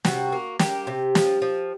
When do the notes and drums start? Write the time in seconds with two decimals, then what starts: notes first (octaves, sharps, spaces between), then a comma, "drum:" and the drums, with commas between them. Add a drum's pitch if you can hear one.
0.05 C3 F#4, drum: snare
0.32 A#3
0.59 A#3 G4, drum: snare
0.87 C3
1.15 F3, drum: snare
1.42 F3